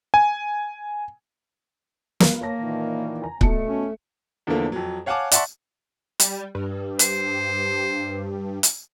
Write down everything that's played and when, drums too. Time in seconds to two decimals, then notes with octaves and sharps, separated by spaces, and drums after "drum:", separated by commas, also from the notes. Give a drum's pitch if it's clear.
0.14 G#5
2.20 A#4 B4 F5, drum: snare
2.41 A#3 C#5 A5 A#6
2.58 A#2 D#3 E3
3.22 G#5 A#5
3.41 B2 A3 A5 C#7, drum: kick C#1
3.67 C#4
4.47 E2 D3 F3 A3 A#3
4.72 F2 F#3
5.06 C#5 F5 F#5 G#5 A5 D6
5.32 D5 E5 F#5 A5 C6 C#6, drum: hi-hat
6.20 G3, drum: hi-hat
6.55 G2
6.99 C5, drum: hi-hat
8.63 drum: hi-hat